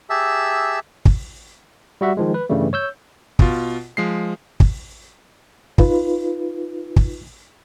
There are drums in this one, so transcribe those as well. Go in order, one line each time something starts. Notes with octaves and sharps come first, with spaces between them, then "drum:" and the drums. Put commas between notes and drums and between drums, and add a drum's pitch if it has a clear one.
G4 G#4 E5 A5 E6
drum: kick
G3 F#4 E5 F#5
D#3 F3 G#3
B4
G2 C#3 E3 G3 A3
C#5 E6 G6
B2 F4, drum: kick
F3 G#3 C7
drum: kick
D#4 F4 B4, drum: kick
drum: kick